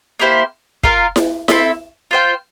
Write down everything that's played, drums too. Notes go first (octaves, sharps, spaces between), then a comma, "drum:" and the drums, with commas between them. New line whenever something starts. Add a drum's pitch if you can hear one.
A#3 E4 G4 C5
F4 A#4 F5, drum: kick
drum: snare E4
C4 E4 A4 E5, drum: snare E4
F4 C5 G5